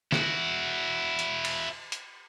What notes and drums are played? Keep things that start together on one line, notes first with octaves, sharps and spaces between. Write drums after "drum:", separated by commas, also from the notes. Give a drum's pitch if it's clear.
E4 F#4, drum: snare
drum: hi-hat
drum: cymbal
drum: hi-hat